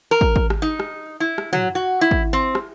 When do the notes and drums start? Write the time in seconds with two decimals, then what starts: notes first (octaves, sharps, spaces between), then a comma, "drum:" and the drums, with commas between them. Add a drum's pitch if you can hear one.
0.11 A#4
0.21 drum: kick
0.36 drum: kick
0.50 drum: rim click
0.62 D#4
0.80 drum: rim click
1.20 E4
1.38 drum: rim click
1.53 F#3, drum: tom
1.75 F#4
2.01 E4
2.11 drum: kick
2.33 C4
2.55 drum: rim click